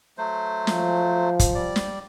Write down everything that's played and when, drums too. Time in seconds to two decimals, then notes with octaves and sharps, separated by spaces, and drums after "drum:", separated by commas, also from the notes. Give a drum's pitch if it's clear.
0.18 F#3 A3 C5
0.67 F3, drum: snare
1.39 drum: kick, hi-hat
1.55 G3 D5
1.76 drum: snare